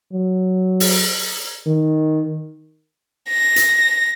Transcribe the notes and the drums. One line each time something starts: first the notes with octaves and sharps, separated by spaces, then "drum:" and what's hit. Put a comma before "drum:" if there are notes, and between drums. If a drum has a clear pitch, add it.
F#3
drum: open hi-hat
D#3
A#6
drum: hi-hat